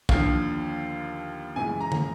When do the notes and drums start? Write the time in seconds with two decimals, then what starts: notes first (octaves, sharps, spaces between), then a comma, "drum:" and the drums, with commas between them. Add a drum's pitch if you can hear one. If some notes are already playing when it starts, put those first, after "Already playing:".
0.09 D#2 D3 F3 F5, drum: kick
1.56 F#2 C#3 E3 G#3 G#5
1.81 A#5
1.92 drum: tom